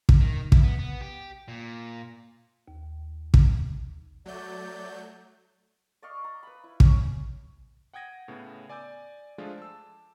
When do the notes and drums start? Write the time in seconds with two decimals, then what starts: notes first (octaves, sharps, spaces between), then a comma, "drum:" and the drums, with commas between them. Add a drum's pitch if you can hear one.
0.09 drum: kick
0.21 D#3
0.52 E4, drum: kick
0.63 B3
0.79 B3
1.01 G4
1.48 A#2
2.68 D#2
3.34 drum: kick
4.26 F#3 A3 D5 G6
6.02 D5 D#5 F5 C#6
6.24 A#5
6.43 B4 B5
6.64 E4
6.80 C#4, drum: kick
7.93 F#5 G5 D#6 G#6 A#6 D#7
8.28 A2 C#3 B3
8.69 D5 G#5 D6 E6 G6
9.38 F3 G#3 A3 D4 F4
9.58 A5 E6